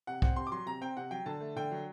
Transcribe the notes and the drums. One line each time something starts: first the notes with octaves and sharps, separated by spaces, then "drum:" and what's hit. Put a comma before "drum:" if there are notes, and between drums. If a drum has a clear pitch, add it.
C3 F#5
C4 F#5, drum: kick C2
C3 C6
D6
F#3 C6
C3 A#5
C4 G5
C3 F#5
F#3 G5
D3 A5
A3
D3 G5
F#3